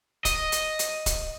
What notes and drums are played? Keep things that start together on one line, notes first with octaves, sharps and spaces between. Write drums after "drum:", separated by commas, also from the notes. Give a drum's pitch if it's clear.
D#5, drum: kick C#1, hi-hat
drum: hi-hat
drum: hi-hat
drum: kick C#1, hi-hat